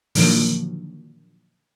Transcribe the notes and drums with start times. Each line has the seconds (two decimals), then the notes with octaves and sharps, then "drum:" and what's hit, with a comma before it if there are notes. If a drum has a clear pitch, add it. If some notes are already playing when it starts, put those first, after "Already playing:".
0.15 A#2 D3 D#3 F3 F#3 A#3, drum: open hi-hat